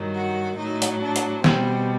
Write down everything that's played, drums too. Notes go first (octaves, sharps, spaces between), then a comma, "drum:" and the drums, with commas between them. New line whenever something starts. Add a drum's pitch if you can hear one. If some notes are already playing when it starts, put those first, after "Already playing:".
Already playing: G2 D#3 F#3
F#4
A2 F#3 D#4
drum: hi-hat
D4
drum: hi-hat
B2 G3 C4, drum: snare E3